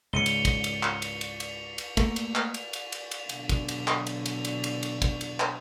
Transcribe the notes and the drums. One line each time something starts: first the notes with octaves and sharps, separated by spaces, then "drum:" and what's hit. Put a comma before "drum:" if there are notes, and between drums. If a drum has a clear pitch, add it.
C#2 G#2 C#7 D#7 G7
drum: cymbal
drum: kick, cymbal
drum: cymbal
drum: clap
drum: cymbal
drum: cymbal
drum: cymbal
drum: cymbal
A3 A#3, drum: kick, cymbal
drum: cymbal
drum: clap
drum: cymbal
drum: cymbal
drum: cymbal
drum: cymbal
B2 D3 F#3, drum: cymbal
drum: kick, cymbal
drum: cymbal
drum: clap
drum: cymbal
drum: cymbal
drum: cymbal
drum: cymbal
drum: cymbal
drum: kick, cymbal
drum: cymbal
drum: clap